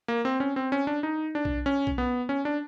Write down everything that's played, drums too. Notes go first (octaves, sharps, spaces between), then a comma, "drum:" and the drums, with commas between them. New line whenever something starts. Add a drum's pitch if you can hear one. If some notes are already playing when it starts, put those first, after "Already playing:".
A#3
C4
C#4
C4
C#4
D4
D#4
D4
drum: kick B1
C#4
drum: kick B1
B3
C#4
D4